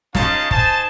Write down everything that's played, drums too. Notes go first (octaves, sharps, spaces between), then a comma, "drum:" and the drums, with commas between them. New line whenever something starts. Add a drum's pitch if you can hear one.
G#3 C#4 D#4 F4 F5 A5, drum: snare
D#4 C5 G#5 A5, drum: kick